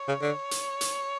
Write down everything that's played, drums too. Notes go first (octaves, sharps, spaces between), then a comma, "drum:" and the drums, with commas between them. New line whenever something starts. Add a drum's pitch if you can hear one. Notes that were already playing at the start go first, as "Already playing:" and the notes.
Already playing: C#5
C#3
D3
drum: hi-hat
drum: hi-hat